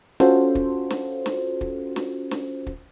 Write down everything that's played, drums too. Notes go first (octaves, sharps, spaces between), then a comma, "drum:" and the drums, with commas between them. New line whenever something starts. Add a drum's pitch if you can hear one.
C#4 F4 F#4 A4 C5, drum: snare
drum: kick
drum: snare
drum: snare
drum: kick
drum: snare
drum: snare
drum: kick